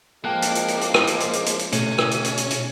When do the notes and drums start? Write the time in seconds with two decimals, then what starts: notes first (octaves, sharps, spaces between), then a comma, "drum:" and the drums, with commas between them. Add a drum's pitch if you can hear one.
0.25 F3 G#3 A#3 G5 A5 F#6
0.42 drum: hi-hat
0.55 drum: hi-hat
0.68 drum: hi-hat
0.81 drum: hi-hat
0.94 drum: rim click
1.07 drum: hi-hat
1.20 drum: hi-hat
1.33 drum: hi-hat
1.46 drum: hi-hat
1.59 drum: hi-hat
1.72 B2 A3 C#4 G4, drum: hi-hat
1.98 drum: rim click
2.11 drum: hi-hat
2.24 drum: hi-hat
2.37 drum: hi-hat
2.50 drum: hi-hat